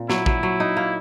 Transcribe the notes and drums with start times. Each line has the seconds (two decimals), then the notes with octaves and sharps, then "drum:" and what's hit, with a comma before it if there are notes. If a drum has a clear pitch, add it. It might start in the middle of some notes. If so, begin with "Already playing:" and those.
Already playing: A#2 C4
0.09 F#3 E4, drum: snare
0.26 F#3, drum: kick A1
0.43 F#3
0.60 D#4
0.77 A#3